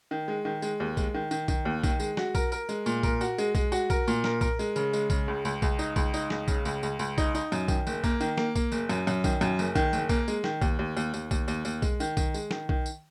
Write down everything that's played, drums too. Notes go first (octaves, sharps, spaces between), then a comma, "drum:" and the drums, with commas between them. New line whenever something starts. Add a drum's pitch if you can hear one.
D#3
G#3
D#3
G#3, drum: tambourine
D#2
G#3, drum: kick B1, tambourine
D#3
D#3, drum: tambourine
D#3, drum: kick B1, tambourine
D#2
D#3, drum: kick B1, tambourine
G#3, drum: tambourine
F#4, drum: snare
A#4, drum: kick B1, tambourine
A#4, drum: tambourine
G#3, drum: tambourine
A#2, drum: tambourine
A#4, drum: kick B1, tambourine
F#4, drum: tambourine
G#3, drum: tambourine
G#3, drum: kick B1, tambourine
F#4, drum: tambourine
A#4, drum: kick B1, tambourine
A#2, drum: tambourine
A#4, drum: snare
A#4, drum: kick B1, tambourine
G#3, drum: tambourine
C#3, drum: tambourine
G#3, drum: tambourine
C#3, drum: kick B1, tambourine
C#2
C#2, drum: tambourine
C#2, drum: kick B1, tambourine
D#4, drum: tambourine
C#2, drum: kick B1, tambourine
D#4, drum: tambourine
C#2, drum: snare
C#3, drum: kick B1, tambourine
C#2, drum: tambourine
C#2, drum: tambourine
C#2, drum: tambourine
D#4, drum: kick B1, tambourine
D#4, drum: tambourine
F#2, drum: tambourine
D#3, drum: kick B1, tambourine
F#1, drum: tambourine
A#3, drum: kick B1, tambourine
D#3, drum: tambourine
A#3, drum: snare
A#3, drum: kick B1, tambourine
F#1, drum: tambourine
F#2, drum: tambourine
F#2, drum: tambourine
D#3, drum: kick B1, tambourine
F#2, drum: tambourine
F#1, drum: tambourine
D#3, drum: kick B1, tambourine
F#1, drum: tambourine
A#3, drum: kick B1, tambourine
G#3, drum: tambourine
D#3, drum: snare
D#2, drum: kick B1, tambourine
D#2
D#2, drum: tambourine
D#2, drum: tambourine
D#2, drum: kick B1, tambourine
D#2, drum: tambourine
D#2, drum: tambourine
G#3, drum: kick B1, tambourine
D#3, drum: tambourine
D#3, drum: kick B1, tambourine
G#3, drum: tambourine
D#3, drum: snare
D#3, drum: kick B1
drum: tambourine